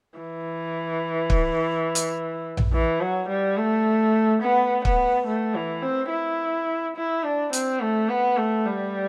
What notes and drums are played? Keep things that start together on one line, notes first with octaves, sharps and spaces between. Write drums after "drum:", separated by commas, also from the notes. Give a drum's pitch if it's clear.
E3
drum: kick
drum: hi-hat
drum: tom A#1
E3
F#3
G3
A3
B3
B3, drum: kick
A3
E3
C4
E4
E4
D4
C4, drum: hi-hat
A3
B3
A3
G3